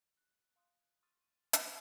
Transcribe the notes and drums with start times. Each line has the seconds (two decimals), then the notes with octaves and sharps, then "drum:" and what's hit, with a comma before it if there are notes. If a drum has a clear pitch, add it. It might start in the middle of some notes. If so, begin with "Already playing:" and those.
0.17 F#6
0.56 F5 C6 D#6 F#6
1.03 C6 C#6 D#6 F6 A6 D#7
1.53 drum: hi-hat